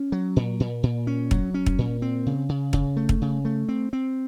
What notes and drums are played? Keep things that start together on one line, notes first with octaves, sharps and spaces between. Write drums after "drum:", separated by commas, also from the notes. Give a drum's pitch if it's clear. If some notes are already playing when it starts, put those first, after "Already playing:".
Already playing: C#4
F#3
A#2
A#2
A#2
C#4
F#3, drum: kick
C#4
drum: kick
A#2
C4
C#3
C#3
C#3, drum: kick
A3
drum: kick
C#3
A3
C4
C4